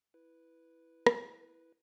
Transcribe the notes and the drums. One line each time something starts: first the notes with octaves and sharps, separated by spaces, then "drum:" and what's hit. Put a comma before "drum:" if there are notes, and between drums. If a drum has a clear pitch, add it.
E4 B4
drum: rim click